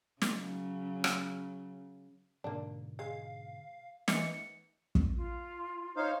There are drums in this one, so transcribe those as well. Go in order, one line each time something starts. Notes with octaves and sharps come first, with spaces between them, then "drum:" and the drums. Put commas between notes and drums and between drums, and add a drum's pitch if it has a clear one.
C#3 F#3, drum: snare
drum: rim click
G#2 B2 D3 A#3 D4
G#3 F5
E3 B3 D#5 E5 C#7, drum: snare
drum: kick
F4
D#4 C5 C#5 F5